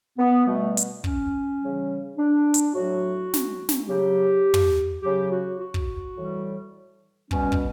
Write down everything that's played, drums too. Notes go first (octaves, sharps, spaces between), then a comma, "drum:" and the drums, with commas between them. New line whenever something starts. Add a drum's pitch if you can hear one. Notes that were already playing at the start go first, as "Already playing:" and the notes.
B3
B2 G3 A3
drum: hi-hat
C#4, drum: kick
C#3 E3 G3
D4
drum: hi-hat
A2 F#3 F#4
drum: snare
drum: snare
C#3 F#3 G4
drum: tom
C#3 F#3 G4
F#4
F#4
drum: kick
A2 E3 G3
B2 G3 C#4, drum: kick
drum: kick